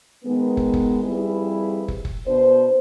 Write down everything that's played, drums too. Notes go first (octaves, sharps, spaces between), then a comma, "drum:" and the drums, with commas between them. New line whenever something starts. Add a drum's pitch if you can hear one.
D#3 G#3 B3
drum: kick
drum: kick
F2 G3 E4 G#4 B4
drum: kick
drum: kick
B2 D4 C5